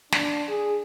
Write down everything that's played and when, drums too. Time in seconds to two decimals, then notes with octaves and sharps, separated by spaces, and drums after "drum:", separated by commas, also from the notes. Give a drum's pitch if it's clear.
0.12 D4, drum: snare
0.48 G#4